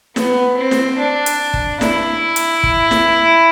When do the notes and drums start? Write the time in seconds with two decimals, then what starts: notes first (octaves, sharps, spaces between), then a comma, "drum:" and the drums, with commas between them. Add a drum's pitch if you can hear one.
0.16 B3, drum: snare
0.57 C4
0.71 drum: snare
0.99 D4
1.26 drum: hi-hat
1.54 drum: kick
1.81 E4, drum: snare
2.36 drum: hi-hat
2.63 drum: kick
2.91 drum: snare